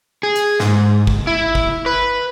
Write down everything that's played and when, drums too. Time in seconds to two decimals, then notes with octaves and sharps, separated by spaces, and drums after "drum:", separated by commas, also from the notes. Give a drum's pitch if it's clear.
0.23 G#4
0.36 drum: hi-hat
0.60 G#2, drum: snare
1.07 drum: kick
1.27 E4
1.55 drum: kick
1.86 B4